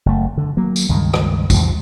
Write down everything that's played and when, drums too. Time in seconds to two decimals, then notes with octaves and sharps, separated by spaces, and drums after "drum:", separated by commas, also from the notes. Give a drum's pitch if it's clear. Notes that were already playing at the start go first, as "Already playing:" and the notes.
0.06 F#1 A3
0.37 D3
0.57 F#3 A#3
0.76 drum: tambourine
0.89 C#2 G2 D#3 G#3
1.14 drum: rim click
1.50 E2 G#2 C3 F3, drum: kick, tambourine